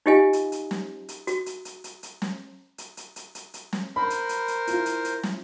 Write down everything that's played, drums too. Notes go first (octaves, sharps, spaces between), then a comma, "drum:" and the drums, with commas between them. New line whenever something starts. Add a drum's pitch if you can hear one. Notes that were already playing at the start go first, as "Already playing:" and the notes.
D#4 F4 G4 D#5 F5 G#5
drum: hi-hat
drum: hi-hat
drum: snare
drum: hi-hat
F#4, drum: hi-hat
drum: hi-hat
drum: hi-hat
drum: hi-hat
drum: hi-hat
drum: snare
drum: hi-hat
drum: hi-hat
drum: hi-hat
drum: hi-hat
drum: hi-hat
drum: snare
A#4 C5 B5
drum: hi-hat
drum: hi-hat
drum: hi-hat
E4 F4, drum: hi-hat
drum: hi-hat
drum: hi-hat
drum: snare